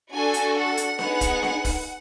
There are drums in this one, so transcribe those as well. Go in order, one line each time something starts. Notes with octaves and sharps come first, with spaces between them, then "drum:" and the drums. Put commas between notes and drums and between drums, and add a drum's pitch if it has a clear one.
D4 F#4 A4 G#5
drum: hi-hat
F#5
drum: hi-hat
B3 D#4 G#4, drum: snare D4
drum: kick, hi-hat
drum: snare D4
drum: kick, open hi-hat